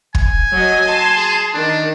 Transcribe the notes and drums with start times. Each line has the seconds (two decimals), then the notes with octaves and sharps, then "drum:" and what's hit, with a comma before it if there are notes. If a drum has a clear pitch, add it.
0.15 G#5, drum: kick
0.52 F#3 D#5
0.86 A5 C6
1.17 G#4
1.55 D#3 D4